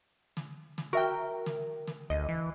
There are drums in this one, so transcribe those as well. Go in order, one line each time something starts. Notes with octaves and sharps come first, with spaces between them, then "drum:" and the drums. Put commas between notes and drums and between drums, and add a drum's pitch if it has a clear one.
drum: snare
drum: snare
F#4 A#4 E5 G5
drum: snare
drum: snare
D2 D#5
E3